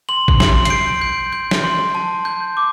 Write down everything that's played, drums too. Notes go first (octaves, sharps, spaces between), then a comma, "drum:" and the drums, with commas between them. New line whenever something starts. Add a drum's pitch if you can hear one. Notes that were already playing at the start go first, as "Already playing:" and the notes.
C6 F#7
drum: kick A1
C6, drum: snare
C7, drum: hi-hat
G6 D7
G6
G6
drum: snare
C6
A5
G6
D6